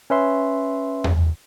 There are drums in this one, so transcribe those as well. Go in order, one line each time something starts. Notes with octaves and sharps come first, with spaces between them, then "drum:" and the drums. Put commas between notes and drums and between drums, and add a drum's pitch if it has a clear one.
C#4 B4 E5 C6
drum: tom E2